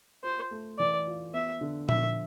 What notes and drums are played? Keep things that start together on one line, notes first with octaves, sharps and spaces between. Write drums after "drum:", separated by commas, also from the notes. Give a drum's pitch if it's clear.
F4 C5
A3
E3 D5
F4
B3 E5
D3
F3 E5, drum: tom A#2